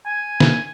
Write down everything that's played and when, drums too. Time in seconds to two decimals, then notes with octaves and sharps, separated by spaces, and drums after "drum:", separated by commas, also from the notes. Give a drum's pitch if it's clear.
0.06 G#5
0.40 drum: snare A#3